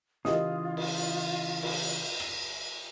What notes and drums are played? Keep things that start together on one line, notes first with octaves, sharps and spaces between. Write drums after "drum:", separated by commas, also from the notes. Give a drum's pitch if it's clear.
C#3 E3 E4 F4 G4 A#4 D#5 D#6, drum: snare
drum: cymbal
drum: cymbal
drum: rim click